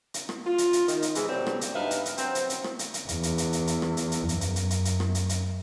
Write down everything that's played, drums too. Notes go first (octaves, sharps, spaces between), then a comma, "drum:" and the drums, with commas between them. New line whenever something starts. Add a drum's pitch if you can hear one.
drum: hi-hat
drum: rim click
F4
drum: hi-hat
drum: hi-hat
D#3, drum: hi-hat
drum: hi-hat
C3 E3 G#3, drum: hi-hat
B2 D3 F#3 G3 C4
drum: rim click
drum: hi-hat
G2 D#4 B4 E5 F5
drum: hi-hat
drum: hi-hat
F#3 B3 C4, drum: hi-hat
drum: hi-hat
drum: hi-hat
drum: rim click
drum: hi-hat
drum: hi-hat
E2, drum: hi-hat
drum: hi-hat
drum: hi-hat
drum: hi-hat
drum: hi-hat
drum: rim click
drum: hi-hat
drum: hi-hat
F#2, drum: hi-hat
drum: hi-hat
drum: hi-hat
drum: hi-hat
drum: hi-hat
drum: rim click
drum: hi-hat
drum: hi-hat